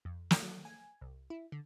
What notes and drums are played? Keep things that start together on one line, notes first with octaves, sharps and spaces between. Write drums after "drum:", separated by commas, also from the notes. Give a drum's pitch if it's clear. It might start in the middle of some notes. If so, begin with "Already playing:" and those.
F2
drum: snare
F#3
G#5
C2
E4
D3